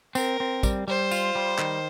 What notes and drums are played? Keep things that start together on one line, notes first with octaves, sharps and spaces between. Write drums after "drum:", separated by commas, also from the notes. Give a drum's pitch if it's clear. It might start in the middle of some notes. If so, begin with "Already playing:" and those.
C4 A#4, drum: tambourine
C4
G3, drum: kick, tambourine
G3 C5
F4, drum: tambourine
G3
D#3, drum: clap